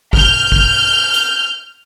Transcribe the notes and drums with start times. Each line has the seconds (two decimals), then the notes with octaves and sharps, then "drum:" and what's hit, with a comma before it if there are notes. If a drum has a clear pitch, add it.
0.13 F6 G6, drum: kick
0.52 drum: kick
1.14 drum: hi-hat